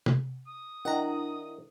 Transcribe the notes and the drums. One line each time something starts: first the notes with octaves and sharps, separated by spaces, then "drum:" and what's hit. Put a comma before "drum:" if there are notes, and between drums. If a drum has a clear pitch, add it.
drum: tom
D#6
D#3 D4 E4 F#5 A#5